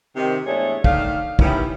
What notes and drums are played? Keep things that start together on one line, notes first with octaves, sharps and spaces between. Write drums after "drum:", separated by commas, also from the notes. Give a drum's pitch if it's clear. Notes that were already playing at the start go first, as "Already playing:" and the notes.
C3 D#3
E2 G#2 A3 D4 G#4 C#5
D#3 A3 D4 F5, drum: kick
D#3 G3 B3 C#4 E4, drum: kick